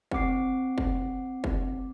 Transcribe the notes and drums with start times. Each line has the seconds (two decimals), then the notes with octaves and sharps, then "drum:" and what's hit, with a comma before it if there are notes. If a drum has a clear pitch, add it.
0.12 C4 F#5 D6 C7, drum: kick
0.78 drum: kick
1.44 drum: kick